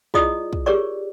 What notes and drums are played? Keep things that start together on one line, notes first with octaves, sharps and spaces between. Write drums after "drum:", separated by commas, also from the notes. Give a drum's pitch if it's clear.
E4 F4 G#4 D5 D#5 D#6, drum: kick
drum: kick
G4 G#4 A#4 C#5 D5 C#6